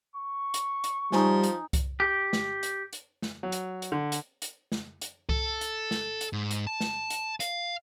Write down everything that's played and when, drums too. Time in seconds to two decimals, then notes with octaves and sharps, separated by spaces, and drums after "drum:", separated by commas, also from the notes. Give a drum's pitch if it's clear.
0.16 C#6
0.54 drum: hi-hat
0.84 drum: hi-hat
1.12 F3 G3 D#4 G#5, drum: snare
1.43 drum: hi-hat
1.73 drum: kick C2, hi-hat
2.00 G4
2.33 drum: snare
2.63 drum: hi-hat
2.93 drum: hi-hat
3.22 drum: snare
3.43 F#3
3.52 drum: hi-hat
3.82 drum: hi-hat
3.92 D3
4.12 drum: hi-hat
4.42 drum: hi-hat
4.72 drum: snare
5.01 drum: hi-hat
5.29 A4, drum: kick C2
5.61 drum: hi-hat
5.91 drum: snare
6.21 drum: hi-hat
6.33 G#2
6.51 drum: hi-hat
6.67 A5
6.81 drum: snare
7.10 drum: hi-hat
7.40 F5, drum: hi-hat